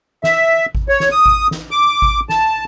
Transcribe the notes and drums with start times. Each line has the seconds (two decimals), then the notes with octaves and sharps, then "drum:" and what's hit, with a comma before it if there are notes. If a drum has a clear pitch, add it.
0.24 E5, drum: snare
0.75 drum: kick G#1
0.89 C#5
1.00 drum: snare
1.11 D#6
1.26 drum: kick G#1
1.51 drum: snare
1.71 D6
2.02 drum: kick G#1
2.29 A5, drum: snare